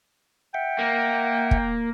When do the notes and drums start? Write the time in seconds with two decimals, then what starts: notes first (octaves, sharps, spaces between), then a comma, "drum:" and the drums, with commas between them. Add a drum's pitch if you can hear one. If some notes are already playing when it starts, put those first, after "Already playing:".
0.54 E5 F#5 G5
0.79 A#3
1.51 drum: kick